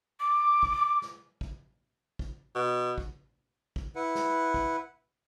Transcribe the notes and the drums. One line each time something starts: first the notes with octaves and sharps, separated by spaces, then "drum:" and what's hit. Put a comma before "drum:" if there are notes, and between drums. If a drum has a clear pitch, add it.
D6
drum: kick
drum: snare
drum: kick
drum: kick
B2
drum: kick
drum: kick
E4 B4 F#5
drum: snare
drum: kick